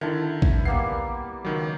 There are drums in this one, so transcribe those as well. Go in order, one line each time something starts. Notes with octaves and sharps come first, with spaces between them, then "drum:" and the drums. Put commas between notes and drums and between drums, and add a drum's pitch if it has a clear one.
D3 D#3 E4 A5
drum: kick
G3 A#3 B3 C7
C#2 D#3 F#3